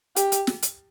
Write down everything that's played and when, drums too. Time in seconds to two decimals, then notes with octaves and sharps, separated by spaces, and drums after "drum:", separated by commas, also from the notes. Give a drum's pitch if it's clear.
0.16 G4, drum: hi-hat
0.32 drum: hi-hat
0.47 drum: snare
0.62 drum: hi-hat